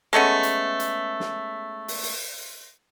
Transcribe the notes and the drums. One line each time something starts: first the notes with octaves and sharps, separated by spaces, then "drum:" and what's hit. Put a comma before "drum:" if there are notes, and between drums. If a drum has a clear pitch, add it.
G#3 A3 B3 C#4
drum: hi-hat
drum: hi-hat
drum: snare
drum: open hi-hat
drum: open hi-hat